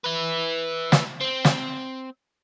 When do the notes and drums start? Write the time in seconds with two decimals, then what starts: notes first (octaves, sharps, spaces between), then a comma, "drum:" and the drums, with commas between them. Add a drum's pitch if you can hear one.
0.05 B4 E5
0.92 drum: snare
1.21 C4
1.45 drum: snare